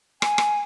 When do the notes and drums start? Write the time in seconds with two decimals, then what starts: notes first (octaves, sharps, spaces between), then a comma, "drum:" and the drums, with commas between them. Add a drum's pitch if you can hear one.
0.22 G#5, drum: rim click
0.38 drum: rim click